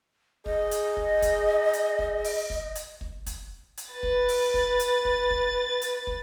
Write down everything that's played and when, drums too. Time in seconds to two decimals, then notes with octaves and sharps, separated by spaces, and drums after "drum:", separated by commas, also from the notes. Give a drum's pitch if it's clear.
0.46 G#4 D#5, drum: kick
0.71 drum: hi-hat
0.97 drum: kick
1.22 drum: kick, hi-hat
1.73 drum: hi-hat
1.99 drum: kick
2.24 drum: open hi-hat
2.50 drum: kick
2.75 drum: hi-hat
3.01 drum: kick
3.26 drum: kick, hi-hat
3.77 drum: hi-hat
3.92 B4 A6
4.03 drum: kick
4.28 drum: open hi-hat
4.54 drum: kick
4.80 drum: hi-hat
5.05 drum: kick
5.31 drum: kick
5.82 drum: hi-hat
6.07 drum: kick